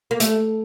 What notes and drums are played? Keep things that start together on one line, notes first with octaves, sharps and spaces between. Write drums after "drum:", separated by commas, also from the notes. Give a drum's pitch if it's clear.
A#3
A3, drum: hi-hat